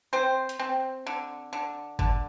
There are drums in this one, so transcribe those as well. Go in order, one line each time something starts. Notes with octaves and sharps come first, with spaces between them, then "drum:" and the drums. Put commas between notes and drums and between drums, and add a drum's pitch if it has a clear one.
C4 C5
drum: hi-hat
C4
D3
D3
D3, drum: kick G1